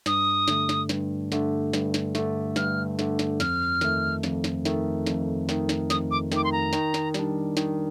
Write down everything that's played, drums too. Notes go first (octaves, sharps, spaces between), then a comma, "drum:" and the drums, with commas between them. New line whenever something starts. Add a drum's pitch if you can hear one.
G2 D#6, drum: snare
D3 A3, drum: snare
drum: snare
G2, drum: snare
D3 A3, drum: snare
G2, drum: snare
drum: snare
D3 A3, drum: snare
G2 F6, drum: snare
D3 A3, drum: snare
drum: snare
F2 F6, drum: snare
D#3 A3, drum: snare
F2, drum: snare
drum: snare
D#3 A3, drum: snare
F2, drum: snare
D#3 A3, drum: snare
drum: snare
F2 D#6, drum: snare
D6
D#3 A3 D6, drum: snare
C6
A#5
D#3, drum: snare
drum: snare
G3 D4, drum: snare
D#3, drum: snare